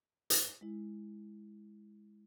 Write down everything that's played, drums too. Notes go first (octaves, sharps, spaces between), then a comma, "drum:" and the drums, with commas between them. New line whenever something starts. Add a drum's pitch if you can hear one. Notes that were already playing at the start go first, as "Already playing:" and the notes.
drum: hi-hat
G#3 E4